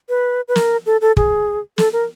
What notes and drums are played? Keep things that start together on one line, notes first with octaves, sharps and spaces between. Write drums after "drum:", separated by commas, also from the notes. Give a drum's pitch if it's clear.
B4
B4
A#4, drum: snare
A4
A4
G#4, drum: kick
A4, drum: snare
A#4